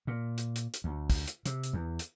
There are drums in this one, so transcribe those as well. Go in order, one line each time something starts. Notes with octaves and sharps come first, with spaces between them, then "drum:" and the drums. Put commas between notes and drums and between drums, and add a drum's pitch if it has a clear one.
A#2
drum: hi-hat
drum: hi-hat
drum: hi-hat
D2
drum: kick, open hi-hat
drum: hi-hat
C3, drum: hi-hat
drum: hi-hat
E2
drum: hi-hat